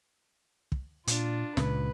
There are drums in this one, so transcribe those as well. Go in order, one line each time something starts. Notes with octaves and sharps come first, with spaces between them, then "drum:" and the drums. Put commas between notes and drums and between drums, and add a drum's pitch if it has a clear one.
drum: kick
A#2 D4 F4, drum: hi-hat
C#2 A#2 C#3 B4, drum: snare